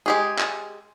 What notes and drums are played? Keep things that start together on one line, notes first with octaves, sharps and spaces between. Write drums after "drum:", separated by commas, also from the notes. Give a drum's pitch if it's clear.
G#3 G4 G#4
drum: clap